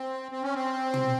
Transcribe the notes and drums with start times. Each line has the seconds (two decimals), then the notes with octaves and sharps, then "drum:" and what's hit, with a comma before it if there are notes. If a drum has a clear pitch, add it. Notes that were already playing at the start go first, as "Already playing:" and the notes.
Already playing: C4
0.32 C4
0.43 C#4
0.55 C4
0.94 drum: tom